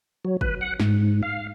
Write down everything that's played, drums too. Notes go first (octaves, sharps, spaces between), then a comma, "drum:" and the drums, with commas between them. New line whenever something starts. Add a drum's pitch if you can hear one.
F#3
B4, drum: kick
F#5
G#2, drum: snare
F5